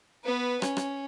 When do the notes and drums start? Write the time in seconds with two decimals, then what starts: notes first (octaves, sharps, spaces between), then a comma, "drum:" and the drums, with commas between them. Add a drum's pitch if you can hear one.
0.24 B3 B4
0.62 C#4, drum: rim click
0.77 drum: rim click